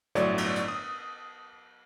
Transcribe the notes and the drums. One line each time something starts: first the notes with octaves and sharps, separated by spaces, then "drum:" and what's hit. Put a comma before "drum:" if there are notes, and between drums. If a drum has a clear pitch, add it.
G1 A2 F#3 A3 C#5 D5, drum: hi-hat
drum: cymbal
drum: hi-hat
D#6